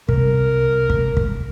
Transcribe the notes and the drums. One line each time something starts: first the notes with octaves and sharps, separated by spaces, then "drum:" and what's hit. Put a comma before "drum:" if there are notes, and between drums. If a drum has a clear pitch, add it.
C2 A#4, drum: kick
drum: kick
drum: kick